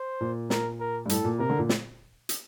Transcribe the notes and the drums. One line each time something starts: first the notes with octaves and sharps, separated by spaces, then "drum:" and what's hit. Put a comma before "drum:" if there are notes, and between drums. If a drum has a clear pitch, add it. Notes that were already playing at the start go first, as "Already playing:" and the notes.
Already playing: C5
A#2
A#4, drum: snare
A#4
G2
A2 A4, drum: hi-hat
A#2
C3 A#4
D3
A#2
drum: snare
drum: hi-hat